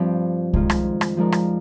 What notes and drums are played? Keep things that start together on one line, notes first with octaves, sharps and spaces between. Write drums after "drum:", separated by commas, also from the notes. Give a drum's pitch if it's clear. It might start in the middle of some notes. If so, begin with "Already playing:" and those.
Already playing: G2 F3 C4 G4 D5
F2 D#3 G#3 C4 F4, drum: kick C2
drum: rim click
drum: rim click
F3 G#3 D#4 A#4 D5
drum: rim click